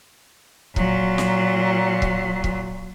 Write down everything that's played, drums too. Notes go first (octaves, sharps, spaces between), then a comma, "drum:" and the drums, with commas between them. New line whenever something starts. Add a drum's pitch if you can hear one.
A#2 F#3, drum: kick
drum: snare
drum: kick
drum: kick